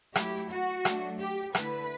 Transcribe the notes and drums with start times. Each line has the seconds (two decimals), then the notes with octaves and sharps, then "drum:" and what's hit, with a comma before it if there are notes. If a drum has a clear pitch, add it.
0.16 F#3 A3 E4 G4, drum: rim click
0.50 F#4
0.85 F#3 A3 D4, drum: rim click
1.20 G4
1.55 D3 A3 E4 B4, drum: rim click